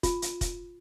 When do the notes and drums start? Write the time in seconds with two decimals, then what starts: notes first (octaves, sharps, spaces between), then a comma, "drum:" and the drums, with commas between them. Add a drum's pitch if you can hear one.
0.03 F4, drum: kick, hi-hat
0.22 drum: hi-hat
0.41 drum: kick, hi-hat